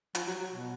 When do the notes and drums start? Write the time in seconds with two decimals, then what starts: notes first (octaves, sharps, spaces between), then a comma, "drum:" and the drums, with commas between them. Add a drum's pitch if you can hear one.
0.15 F3, drum: hi-hat
0.27 F#3
0.40 F#3
0.52 B2